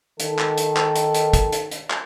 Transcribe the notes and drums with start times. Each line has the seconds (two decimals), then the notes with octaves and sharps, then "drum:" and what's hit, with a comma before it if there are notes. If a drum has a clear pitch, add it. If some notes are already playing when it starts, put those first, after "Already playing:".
0.20 D#3 A4, drum: hi-hat
0.39 drum: clap
0.58 drum: hi-hat
0.77 drum: clap
0.96 drum: hi-hat
1.15 drum: hi-hat
1.33 drum: kick, hi-hat
1.52 drum: hi-hat
1.71 drum: hi-hat
1.90 drum: clap